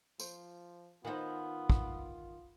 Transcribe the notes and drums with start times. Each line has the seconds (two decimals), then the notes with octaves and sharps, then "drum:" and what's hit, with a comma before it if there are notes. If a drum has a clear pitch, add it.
0.20 F3 C5, drum: tambourine
1.05 D#3 B3 D#4 F4 C5 F#5 G#5
1.70 drum: kick